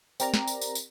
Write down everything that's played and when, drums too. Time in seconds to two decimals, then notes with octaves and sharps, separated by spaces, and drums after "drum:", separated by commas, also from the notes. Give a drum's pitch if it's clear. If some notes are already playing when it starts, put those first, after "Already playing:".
0.20 C4 G4 A#4 D5 A#5, drum: tambourine
0.34 drum: snare
0.48 drum: tambourine
0.61 drum: tambourine
0.75 drum: tambourine